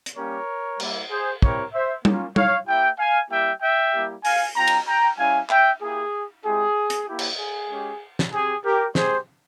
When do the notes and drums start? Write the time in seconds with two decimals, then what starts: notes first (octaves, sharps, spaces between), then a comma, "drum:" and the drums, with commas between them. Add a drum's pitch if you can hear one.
0.06 drum: hi-hat
0.16 G3 A#3 C#4 G4 A#4 C#5
0.80 G3 A#3 E4, drum: cymbal
1.10 G#4 C5
1.42 G3 C4 E4 G4 A#4 C#5, drum: kick
1.73 C5 E5
2.05 A#3 C#4 F4, drum: tom
2.36 C#5 F5, drum: tom
2.67 A#3 E4 G4 E5 G5
2.99 F5 G#5
3.30 G3 A#3 E4 G4 E5 G5
3.62 E5 G5
3.94 G3 A#3 E4 G4
4.25 F5 G#5, drum: open hi-hat
4.56 G3 C4 F4 G5 A#5
4.67 drum: cymbal
4.88 G5 A#5
5.18 G3 C#4 E4 F5 G#5
5.50 E5 G5, drum: clap
5.81 A#3 E4 G4 G#4
6.44 G#3 C4 E4 G4 G#4
6.90 drum: hi-hat
7.07 A#3 E4 G4
7.19 drum: cymbal
7.38 G#4
7.70 G#3 C#4 G4
8.19 drum: snare
8.32 C4 G4 G#4
8.65 G4 A#4
8.95 G#3 C4 G4 G#4 C5, drum: snare